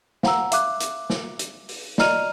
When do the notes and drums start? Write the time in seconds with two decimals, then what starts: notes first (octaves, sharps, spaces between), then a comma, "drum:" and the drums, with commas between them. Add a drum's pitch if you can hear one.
0.23 F5 F#5 A#5 E6, drum: snare
0.52 E5 F5 D6 F#6, drum: hi-hat
0.80 drum: hi-hat
1.10 drum: snare
1.39 drum: hi-hat
1.69 drum: open hi-hat
1.98 D5 D#5 A#5 F6 D#7 F7, drum: snare